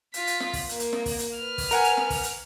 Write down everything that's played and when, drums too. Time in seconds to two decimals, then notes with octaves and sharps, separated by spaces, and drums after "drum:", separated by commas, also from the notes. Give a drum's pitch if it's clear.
0.14 F4 B6, drum: hi-hat
0.27 drum: hi-hat
0.40 drum: snare
0.53 drum: kick, open hi-hat
0.69 A#3, drum: hi-hat
0.80 drum: hi-hat
0.93 drum: snare
1.06 drum: kick, open hi-hat
1.19 drum: hi-hat
1.37 B4 F6
1.58 drum: kick, open hi-hat
1.71 A#4 F#5 G#5, drum: hi-hat
1.84 drum: hi-hat
1.97 drum: snare
2.10 drum: kick, open hi-hat
2.23 drum: hi-hat